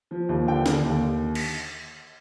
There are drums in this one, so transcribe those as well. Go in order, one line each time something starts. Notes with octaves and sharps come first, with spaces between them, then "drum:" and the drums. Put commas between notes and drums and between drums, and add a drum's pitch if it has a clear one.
F3
D#2
D3 G5
D3, drum: snare
D#2
drum: cymbal